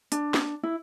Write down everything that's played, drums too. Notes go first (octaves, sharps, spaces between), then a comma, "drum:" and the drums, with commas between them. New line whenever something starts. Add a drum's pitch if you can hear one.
D4, drum: hi-hat
drum: snare
E4